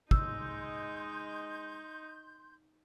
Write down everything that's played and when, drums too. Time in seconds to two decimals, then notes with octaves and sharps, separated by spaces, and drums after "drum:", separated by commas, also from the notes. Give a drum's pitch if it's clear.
0.11 G#3 D#4 C6 E6 G6, drum: kick